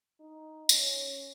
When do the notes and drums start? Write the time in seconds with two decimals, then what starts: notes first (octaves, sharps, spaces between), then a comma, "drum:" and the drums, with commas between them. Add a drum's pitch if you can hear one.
0.20 D#4
0.69 C#4, drum: tambourine